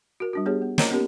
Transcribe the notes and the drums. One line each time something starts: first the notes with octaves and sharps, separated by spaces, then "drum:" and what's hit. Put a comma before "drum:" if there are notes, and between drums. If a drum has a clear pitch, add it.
F#4 A#4
G3 D4 F#4
B3 D4 G4 G#4 C#5
B3
A#4 C5 C#5 D#5 A#5 D6, drum: snare
A#3 B3 C#4 D#4 G4 A#4